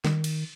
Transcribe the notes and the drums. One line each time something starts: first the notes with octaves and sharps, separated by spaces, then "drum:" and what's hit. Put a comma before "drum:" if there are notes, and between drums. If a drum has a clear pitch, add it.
D#3, drum: snare
drum: cymbal